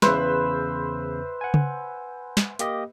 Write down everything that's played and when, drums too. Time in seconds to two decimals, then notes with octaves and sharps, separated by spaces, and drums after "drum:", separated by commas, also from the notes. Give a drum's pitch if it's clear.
0.02 E2 C#3 B4 C5 E5, drum: snare
1.41 F#5 G#5
1.54 drum: tom C#3
2.37 drum: snare
2.59 A#3 G4 D#5, drum: hi-hat